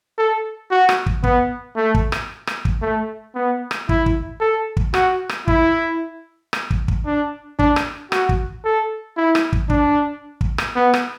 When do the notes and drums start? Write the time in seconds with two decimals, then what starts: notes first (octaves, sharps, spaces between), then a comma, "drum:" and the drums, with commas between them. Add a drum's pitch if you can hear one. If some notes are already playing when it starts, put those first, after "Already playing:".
0.18 A4
0.71 F#4
0.89 drum: rim click
1.06 drum: kick
1.23 B3, drum: kick
1.76 A3
1.94 drum: kick
2.12 drum: rim click
2.47 drum: rim click
2.65 drum: kick
2.82 A3
3.35 B3
3.71 drum: rim click
3.89 E4, drum: kick
4.06 drum: kick
4.41 A4
4.77 drum: kick
4.94 F#4, drum: rim click
5.29 drum: rim click
5.48 E4, drum: kick
6.53 drum: rim click
6.70 drum: kick
6.88 drum: kick
7.06 D4
7.59 D4, drum: kick
7.76 drum: rim click
8.12 F#4, drum: rim click
8.29 drum: kick
8.65 A4
9.17 E4
9.35 drum: rim click
9.53 drum: kick
9.70 D4, drum: kick
10.41 drum: kick
10.58 drum: rim click
10.76 B3
10.94 drum: rim click